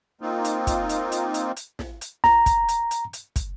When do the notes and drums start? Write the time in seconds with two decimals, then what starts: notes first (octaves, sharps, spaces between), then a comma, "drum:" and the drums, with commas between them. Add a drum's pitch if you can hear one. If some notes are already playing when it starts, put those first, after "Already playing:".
0.21 A#3 C4 D#4 F4
0.45 drum: hi-hat
0.67 drum: kick, hi-hat
0.89 drum: hi-hat
1.12 drum: hi-hat
1.34 drum: hi-hat
1.57 drum: hi-hat
1.79 drum: snare
2.01 drum: hi-hat
2.24 A#5, drum: snare
2.46 drum: kick, hi-hat
2.69 drum: hi-hat
2.91 drum: hi-hat
3.13 drum: hi-hat
3.36 drum: kick, hi-hat